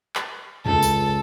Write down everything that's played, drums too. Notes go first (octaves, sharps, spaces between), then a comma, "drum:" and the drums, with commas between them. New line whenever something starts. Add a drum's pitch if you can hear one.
drum: clap
C#2 A4, drum: tom
drum: tambourine